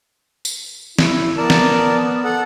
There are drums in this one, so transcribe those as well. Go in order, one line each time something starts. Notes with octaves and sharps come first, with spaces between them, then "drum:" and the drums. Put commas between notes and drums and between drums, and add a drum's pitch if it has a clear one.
drum: tambourine
E4, drum: snare
B3 A#4 D5 A5
drum: snare
A4 F#5